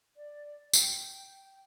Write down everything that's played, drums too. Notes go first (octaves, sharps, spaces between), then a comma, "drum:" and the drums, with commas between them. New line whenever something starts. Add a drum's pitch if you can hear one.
D5
G5, drum: tambourine